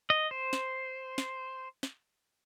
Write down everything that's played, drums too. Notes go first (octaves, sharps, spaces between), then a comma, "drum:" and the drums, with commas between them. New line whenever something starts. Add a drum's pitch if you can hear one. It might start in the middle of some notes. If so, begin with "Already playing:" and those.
D#5
C5
drum: snare
drum: snare
drum: snare